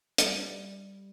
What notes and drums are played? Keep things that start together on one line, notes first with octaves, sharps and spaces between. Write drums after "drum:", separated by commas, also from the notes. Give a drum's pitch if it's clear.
G3, drum: hi-hat